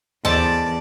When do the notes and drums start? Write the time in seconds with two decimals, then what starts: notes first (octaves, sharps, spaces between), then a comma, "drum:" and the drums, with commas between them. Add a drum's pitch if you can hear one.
0.25 E2 A4 C5 D5 D#5 A5, drum: tom D#2